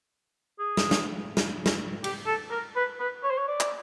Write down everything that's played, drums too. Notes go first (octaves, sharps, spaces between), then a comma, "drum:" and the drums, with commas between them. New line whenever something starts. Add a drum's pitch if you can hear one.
G#4
drum: snare
drum: snare
drum: snare
drum: snare
G4, drum: cymbal
A4
A#4
B4
B4
C#5
C5
C#5
D5
drum: clap